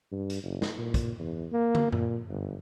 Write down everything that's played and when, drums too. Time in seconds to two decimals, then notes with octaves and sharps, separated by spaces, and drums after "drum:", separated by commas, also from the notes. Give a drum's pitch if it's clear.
0.12 G2
0.30 drum: hi-hat
0.43 F#1
0.62 drum: snare
0.78 A#2
0.94 drum: kick, hi-hat
1.19 E2
1.52 A#3
1.75 drum: tom
1.92 A#2, drum: tom F#2
2.29 G1